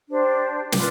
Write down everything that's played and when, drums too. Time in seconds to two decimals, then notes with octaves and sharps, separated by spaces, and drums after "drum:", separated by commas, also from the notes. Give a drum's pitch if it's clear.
0.08 D4 G4 C5
0.72 F4 B4 D5, drum: snare